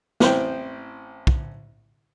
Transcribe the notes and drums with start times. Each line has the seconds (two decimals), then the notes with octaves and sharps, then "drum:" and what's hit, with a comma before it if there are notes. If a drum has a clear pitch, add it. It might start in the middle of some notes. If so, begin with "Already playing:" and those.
0.20 A1 C4 C5 G5, drum: snare
1.27 drum: kick